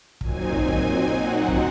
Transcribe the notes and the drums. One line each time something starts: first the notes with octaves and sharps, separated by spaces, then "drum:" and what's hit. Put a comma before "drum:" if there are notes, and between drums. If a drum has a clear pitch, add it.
A#2 F#3 C4 D#4 G#5, drum: kick
drum: kick
drum: kick
A#2 F#3 C4 D#4 F#5
drum: kick